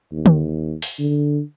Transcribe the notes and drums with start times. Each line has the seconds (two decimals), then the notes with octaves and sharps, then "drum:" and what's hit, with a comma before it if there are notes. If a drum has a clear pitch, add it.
0.12 D#2
0.26 drum: tom D3
0.82 drum: open hi-hat
0.99 D3